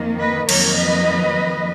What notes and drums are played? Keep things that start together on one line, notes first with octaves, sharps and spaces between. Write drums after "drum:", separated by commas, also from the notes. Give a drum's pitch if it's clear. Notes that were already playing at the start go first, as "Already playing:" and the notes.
Already playing: F2 D#3 A#3
B4 D#5
F2 D#3 F#3 A#3 A#4 C#5, drum: cymbal
B4 D#5